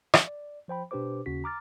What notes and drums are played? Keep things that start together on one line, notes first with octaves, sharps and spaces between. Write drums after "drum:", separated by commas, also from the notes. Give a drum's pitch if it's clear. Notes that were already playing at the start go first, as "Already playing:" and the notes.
drum: rim click
D5
F3 C5 G5 B5
B2 D4 G4 B4 C5 D6
D#2 C#3 C#4 F#4 B6
A#5 D6 F6 A6